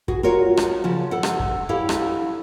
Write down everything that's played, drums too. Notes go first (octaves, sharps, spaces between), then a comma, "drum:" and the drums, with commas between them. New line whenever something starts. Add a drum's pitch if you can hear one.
F#4 G#4, drum: kick
F4 F#4 A#4 C#5
drum: rim click
C#3 F3 A5
A4 F#5
drum: rim click
drum: kick
E4 G4 A4 C#5 F5
drum: rim click